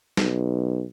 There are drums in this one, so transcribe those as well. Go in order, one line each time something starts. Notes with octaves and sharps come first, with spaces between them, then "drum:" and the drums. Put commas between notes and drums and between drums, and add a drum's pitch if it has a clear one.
B1, drum: snare